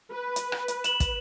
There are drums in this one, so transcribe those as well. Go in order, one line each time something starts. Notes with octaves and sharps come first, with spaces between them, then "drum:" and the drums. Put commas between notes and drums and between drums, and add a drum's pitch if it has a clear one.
B4
drum: hi-hat
drum: rim click
drum: hi-hat
E7 F#7, drum: hi-hat
drum: kick, hi-hat